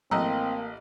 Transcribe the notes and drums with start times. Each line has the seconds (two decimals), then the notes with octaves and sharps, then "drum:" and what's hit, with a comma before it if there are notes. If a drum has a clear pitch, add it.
0.11 A1 A#3 C4 D#5 A#5 E6, drum: tom F3